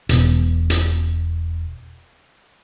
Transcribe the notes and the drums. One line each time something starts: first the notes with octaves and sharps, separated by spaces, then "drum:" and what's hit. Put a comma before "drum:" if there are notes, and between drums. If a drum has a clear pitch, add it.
E1 B2, drum: hi-hat
drum: hi-hat